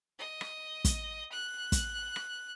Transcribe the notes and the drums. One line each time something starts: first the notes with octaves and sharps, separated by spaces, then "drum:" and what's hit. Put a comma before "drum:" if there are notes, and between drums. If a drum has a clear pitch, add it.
D#5
drum: rim click
drum: kick, hi-hat
F#6
drum: kick, hi-hat
drum: rim click